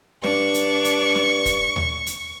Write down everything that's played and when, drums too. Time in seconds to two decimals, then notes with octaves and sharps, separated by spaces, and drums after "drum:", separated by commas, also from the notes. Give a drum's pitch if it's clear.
0.24 G2 D4 D5 C#6, drum: snare
0.54 drum: hi-hat
0.85 drum: hi-hat
1.15 drum: snare
1.45 drum: kick, hi-hat
1.76 drum: tom D#2
2.06 drum: hi-hat